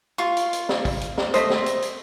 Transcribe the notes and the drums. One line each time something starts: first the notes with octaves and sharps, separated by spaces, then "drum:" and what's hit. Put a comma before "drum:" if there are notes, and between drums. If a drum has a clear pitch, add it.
F4 C#6
drum: hi-hat
drum: hi-hat
drum: snare
drum: kick, open hi-hat
drum: hi-hat
drum: snare
A3 C5 D#5 D#6, drum: hi-hat
drum: snare
drum: hi-hat
drum: hi-hat